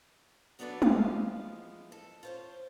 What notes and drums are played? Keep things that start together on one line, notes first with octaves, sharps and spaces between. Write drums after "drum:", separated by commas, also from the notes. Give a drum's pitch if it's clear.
F#3 B3 D4 A4 B4 D5
E3 F3 G#3 B3 F5, drum: tom
A4
F4 C5 C#5